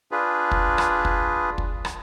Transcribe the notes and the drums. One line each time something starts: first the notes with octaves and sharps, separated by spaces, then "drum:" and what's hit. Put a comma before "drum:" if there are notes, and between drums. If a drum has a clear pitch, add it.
D4 F4 G#4 B4
drum: kick
drum: rim click
drum: kick
drum: kick
drum: rim click